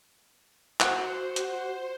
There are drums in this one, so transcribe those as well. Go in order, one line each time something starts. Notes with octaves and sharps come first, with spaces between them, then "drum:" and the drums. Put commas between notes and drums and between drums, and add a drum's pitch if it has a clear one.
F#4 C5 F#5 F#6, drum: clap
drum: hi-hat